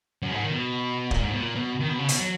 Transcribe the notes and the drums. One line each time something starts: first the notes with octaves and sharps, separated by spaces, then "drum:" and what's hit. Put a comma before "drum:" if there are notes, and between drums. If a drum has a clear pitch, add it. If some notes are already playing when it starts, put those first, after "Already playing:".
F#2
G#2
D#3
B2
A#2, drum: kick
G#2
B2
A#2
B2
D#3
B2
C#3
B2, drum: hi-hat
F#3